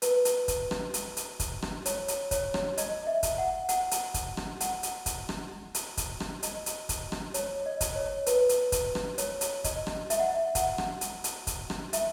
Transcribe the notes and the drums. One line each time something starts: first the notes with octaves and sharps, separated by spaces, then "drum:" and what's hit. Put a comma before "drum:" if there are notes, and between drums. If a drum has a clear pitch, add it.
B4, drum: hi-hat
drum: hi-hat
drum: kick, hi-hat
drum: rim click
drum: hi-hat
drum: hi-hat
drum: kick, hi-hat
drum: rim click
C#5, drum: hi-hat
drum: hi-hat
C#5, drum: kick, hi-hat
drum: rim click
D#5, drum: hi-hat
E5
drum: kick, hi-hat
F#5
F#5, drum: hi-hat
drum: hi-hat
drum: kick, hi-hat
drum: rim click
F#5, drum: hi-hat
drum: hi-hat
drum: kick, hi-hat
drum: rim click
drum: hi-hat
drum: kick, hi-hat
drum: rim click
D#5, drum: hi-hat
drum: hi-hat
drum: kick, hi-hat
drum: rim click
C#5, drum: hi-hat
D#5
drum: kick, hi-hat
C#5
B4, drum: hi-hat
drum: hi-hat
drum: kick, hi-hat
drum: rim click
C#5, drum: hi-hat
drum: hi-hat
D#5, drum: kick, hi-hat
drum: rim click
E5, drum: hi-hat
F#5
E5
F#5, drum: kick, hi-hat
drum: rim click
drum: hi-hat
drum: hi-hat
drum: kick, hi-hat
drum: rim click
E5, drum: hi-hat